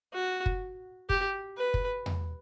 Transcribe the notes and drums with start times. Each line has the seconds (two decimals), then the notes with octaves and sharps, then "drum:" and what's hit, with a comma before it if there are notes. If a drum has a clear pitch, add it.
0.14 F#4
0.46 drum: kick
1.10 G4, drum: kick
1.58 B4
1.74 drum: kick
2.06 drum: tom E2